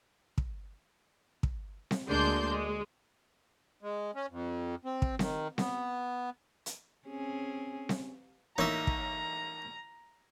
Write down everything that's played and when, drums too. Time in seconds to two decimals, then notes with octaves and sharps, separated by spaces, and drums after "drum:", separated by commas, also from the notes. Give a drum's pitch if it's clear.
0.38 drum: kick
1.43 drum: kick
1.91 drum: snare C4
2.08 D2 G#3 A#3 D4 C6 G6
2.51 G#3
3.81 G#3
4.15 C#4
4.30 F2
4.85 C4
5.02 drum: kick
5.19 D#3, drum: snare C4
5.58 B3, drum: snare C4
6.66 drum: hi-hat
7.08 C4 C#4 G#4
7.89 drum: snare C4
8.58 A1 A#3 D#4 C#5 E5 A#5
8.87 drum: kick